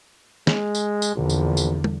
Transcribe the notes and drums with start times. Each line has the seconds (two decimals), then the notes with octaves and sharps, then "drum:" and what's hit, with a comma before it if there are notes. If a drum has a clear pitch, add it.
0.47 G#3, drum: snare
0.75 drum: tambourine
1.02 drum: tambourine
1.15 A#1 E2 D3
1.29 drum: tambourine
1.57 drum: tambourine
1.84 drum: tom